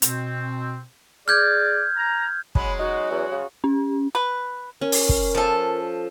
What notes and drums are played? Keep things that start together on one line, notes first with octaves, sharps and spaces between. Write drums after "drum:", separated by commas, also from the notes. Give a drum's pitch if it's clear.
B2 C4, drum: hi-hat
G#4 D5 F6 G6 G#6
A#5
F#3 G#3 C#4 B5, drum: kick
D#4 F#4
E2
C#3
C#4
B4
C#4 A#4
drum: open hi-hat
drum: kick
F3 A4